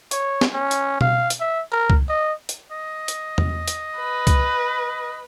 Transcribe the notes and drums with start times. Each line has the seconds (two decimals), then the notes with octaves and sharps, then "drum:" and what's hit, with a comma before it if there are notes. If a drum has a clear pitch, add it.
0.11 C#5, drum: hi-hat
0.41 drum: snare
0.53 C#4
0.71 drum: hi-hat
1.01 F5, drum: tom B2
1.30 drum: hi-hat
1.40 E5
1.72 A#4
1.90 drum: kick C2
2.09 D#5
2.49 drum: hi-hat
2.72 D#5
3.08 drum: hi-hat
3.38 drum: tom E2
3.68 drum: hi-hat
3.96 B4
4.27 drum: kick C2, hi-hat